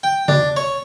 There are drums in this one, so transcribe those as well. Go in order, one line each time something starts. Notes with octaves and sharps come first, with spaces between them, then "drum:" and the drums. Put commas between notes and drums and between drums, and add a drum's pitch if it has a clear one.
G5
D4, drum: tom C#3
C#5